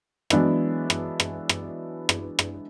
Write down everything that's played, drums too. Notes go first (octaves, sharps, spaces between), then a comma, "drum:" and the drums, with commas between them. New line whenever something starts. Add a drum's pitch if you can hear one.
E3 F#3 G#3 B3 D4 E4, drum: rim click
drum: rim click
drum: rim click
drum: rim click
drum: rim click
drum: rim click